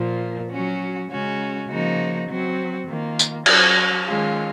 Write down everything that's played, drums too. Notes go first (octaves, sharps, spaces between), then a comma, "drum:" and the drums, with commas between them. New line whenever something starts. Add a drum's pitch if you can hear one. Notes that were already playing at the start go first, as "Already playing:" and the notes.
Already playing: A#2 F3 A#3
F#3 C#4 F#4
C#3 G#3 C#4 F#4
C#3 F3 A#3 D#4 F#4
F#3 C4 F#4
D#3 A#3 F4
drum: tambourine
F#3 C#4 F#4, drum: cymbal
D#3 G#3 C#4 F4